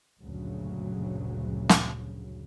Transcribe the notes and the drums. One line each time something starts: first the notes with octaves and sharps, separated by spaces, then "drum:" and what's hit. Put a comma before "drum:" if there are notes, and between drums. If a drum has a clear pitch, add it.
F#1 D2 G2 A#2 C#3 F#3
drum: snare